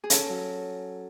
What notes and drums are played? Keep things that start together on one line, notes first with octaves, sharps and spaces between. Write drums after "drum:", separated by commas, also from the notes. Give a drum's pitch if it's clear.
G#4
C#4 A4, drum: hi-hat
F#3